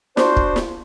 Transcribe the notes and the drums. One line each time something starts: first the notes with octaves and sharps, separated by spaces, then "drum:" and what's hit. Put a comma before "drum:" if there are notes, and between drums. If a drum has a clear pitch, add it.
D4 F#4 C5, drum: snare
drum: kick
drum: snare